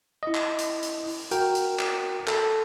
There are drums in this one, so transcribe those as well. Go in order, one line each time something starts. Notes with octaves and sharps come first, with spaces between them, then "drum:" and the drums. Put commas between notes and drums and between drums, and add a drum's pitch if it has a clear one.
E4 D#5
drum: clap
drum: hi-hat
drum: hi-hat
drum: open hi-hat
F#4 A#4 G5, drum: hi-hat
drum: hi-hat
drum: clap
A4, drum: clap